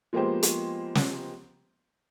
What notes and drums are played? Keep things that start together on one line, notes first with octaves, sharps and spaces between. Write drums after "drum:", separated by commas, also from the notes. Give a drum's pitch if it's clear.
F3 G#3 A#3 B3 G4 C5
drum: hi-hat
drum: snare